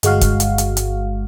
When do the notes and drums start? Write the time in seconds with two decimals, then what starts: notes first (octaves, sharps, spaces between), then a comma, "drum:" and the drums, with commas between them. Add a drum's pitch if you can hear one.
0.03 G1 G#3 F#4 F5, drum: hi-hat
0.21 drum: kick, hi-hat
0.40 drum: hi-hat
0.58 drum: hi-hat
0.77 drum: hi-hat